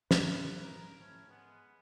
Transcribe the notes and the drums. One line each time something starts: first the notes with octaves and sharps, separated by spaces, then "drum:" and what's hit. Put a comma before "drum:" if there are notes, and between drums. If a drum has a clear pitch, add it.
G#2 B4, drum: snare
A#4
A2 C#4
G#3 B3